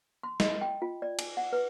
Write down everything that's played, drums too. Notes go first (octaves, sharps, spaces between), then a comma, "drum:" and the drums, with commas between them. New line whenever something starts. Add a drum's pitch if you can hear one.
C6
D#5, drum: snare
G5
F4
D5
G#5, drum: cymbal
F#5
B4